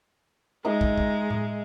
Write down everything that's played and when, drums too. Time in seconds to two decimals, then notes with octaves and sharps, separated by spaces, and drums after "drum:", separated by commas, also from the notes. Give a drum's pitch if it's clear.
0.65 G#3 D#4 D#5 E5
0.81 drum: kick
0.97 drum: kick
1.30 drum: tom A2